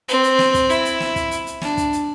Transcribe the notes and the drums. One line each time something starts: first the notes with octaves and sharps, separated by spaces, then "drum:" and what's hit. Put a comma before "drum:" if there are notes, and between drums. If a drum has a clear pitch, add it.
C4, drum: hi-hat
drum: hi-hat
drum: snare
drum: kick, hi-hat
E4, drum: hi-hat
drum: hi-hat
drum: snare
drum: kick, hi-hat
drum: hi-hat
drum: hi-hat
D4, drum: snare
drum: kick, hi-hat
drum: hi-hat